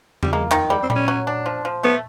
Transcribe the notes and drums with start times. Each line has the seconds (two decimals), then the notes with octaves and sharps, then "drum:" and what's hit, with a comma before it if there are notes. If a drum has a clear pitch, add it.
0.23 G3, drum: tom E2
0.33 G#3 A#3
0.51 D#3, drum: clap
0.70 G3 G#3
0.83 C4
0.90 G3, drum: tom A#2
0.96 C#4
1.08 F#3
1.27 D4
1.46 F3
1.65 F3
1.83 A3 B3